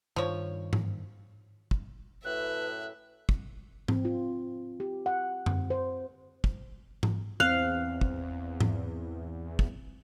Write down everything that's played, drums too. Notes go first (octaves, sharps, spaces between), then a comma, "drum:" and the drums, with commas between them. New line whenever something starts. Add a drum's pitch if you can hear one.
G2 D#3 F3 C#5
drum: tom G#2
drum: kick
F#2 A2 B4 E5 F#6
drum: kick
C4, drum: tom G#2
F4
G4
F#5
C4, drum: tom F#2
C5
drum: kick
drum: tom G#2
E2 C4 F5 F#6
drum: kick
drum: tom G#2
drum: kick